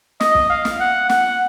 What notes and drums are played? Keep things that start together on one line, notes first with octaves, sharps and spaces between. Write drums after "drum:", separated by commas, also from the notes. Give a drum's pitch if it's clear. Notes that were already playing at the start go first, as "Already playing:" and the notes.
D#5, drum: snare
drum: kick
F5
drum: snare
F#5
F#5, drum: snare